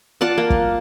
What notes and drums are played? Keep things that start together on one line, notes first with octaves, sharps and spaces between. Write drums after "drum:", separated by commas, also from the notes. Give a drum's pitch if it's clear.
F4 D5 F#5 A5
A#3
drum: kick